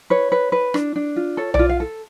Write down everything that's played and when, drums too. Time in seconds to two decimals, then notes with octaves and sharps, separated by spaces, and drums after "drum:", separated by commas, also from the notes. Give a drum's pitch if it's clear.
0.10 B4 C#5
0.32 B4
0.52 B4
0.74 D4, drum: rim click
0.96 D4
1.16 F4
1.37 A4 C#5
1.54 D5, drum: tom B1
1.59 F4
1.69 F5
1.80 A4